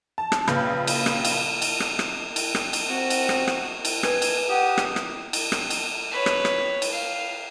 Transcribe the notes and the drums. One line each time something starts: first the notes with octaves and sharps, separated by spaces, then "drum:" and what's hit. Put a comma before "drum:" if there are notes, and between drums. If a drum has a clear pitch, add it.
A5
drum: rim click
A#1 C#3 B4 B5 G6, drum: rim click
drum: cymbal
drum: rim click
drum: cymbal
drum: cymbal
drum: rim click
drum: rim click
drum: cymbal
drum: rim click
drum: cymbal
C4 F#4
drum: cymbal
drum: rim click
drum: rim click
drum: cymbal
B4 G#5, drum: rim click
drum: cymbal
G4 F#5 D#6
drum: rim click
drum: rim click
drum: cymbal
drum: rim click
drum: cymbal
B4 C#5
drum: rim click
drum: rim click
drum: cymbal
F5